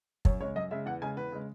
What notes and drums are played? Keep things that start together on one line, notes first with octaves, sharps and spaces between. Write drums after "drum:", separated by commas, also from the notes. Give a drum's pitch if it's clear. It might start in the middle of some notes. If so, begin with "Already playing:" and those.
F#2 C#5, drum: kick
C#3 G#3 C#5
F#2 D#5
C#3 G#3 E5
E2 F#5
C#3 G#3 G#5
E2 B4
C#3 G#3